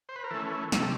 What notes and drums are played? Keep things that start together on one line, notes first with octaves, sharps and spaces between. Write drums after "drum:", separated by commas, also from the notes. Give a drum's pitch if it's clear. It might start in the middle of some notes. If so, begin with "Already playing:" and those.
C5
B4
A#4
E3 A3 C#4 A4
C3 A4, drum: snare